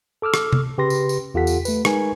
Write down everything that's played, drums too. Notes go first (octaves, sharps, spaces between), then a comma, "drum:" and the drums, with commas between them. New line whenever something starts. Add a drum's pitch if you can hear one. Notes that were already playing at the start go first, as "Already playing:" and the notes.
A4 D6 E6 F6
drum: rim click
drum: tom
C#3 G4 B4 C6 A#6
drum: tambourine
drum: tambourine
E2 F4 G4 A4 F#5 B6
drum: tambourine
A3 B4, drum: tambourine
G#3 D#4 A#4 B4 G#5, drum: rim click